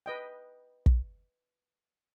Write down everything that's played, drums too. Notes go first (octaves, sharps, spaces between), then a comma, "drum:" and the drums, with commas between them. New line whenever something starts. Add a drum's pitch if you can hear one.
B4 D#5 G5
drum: kick